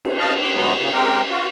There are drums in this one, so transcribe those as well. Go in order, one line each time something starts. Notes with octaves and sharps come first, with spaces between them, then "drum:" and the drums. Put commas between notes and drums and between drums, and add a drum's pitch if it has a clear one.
drum: cymbal
D#5 F5 A5
D6
D2 F#3 G#3 B3
A#2 C#3
G#3 C4 G4 A#4
F4 F#4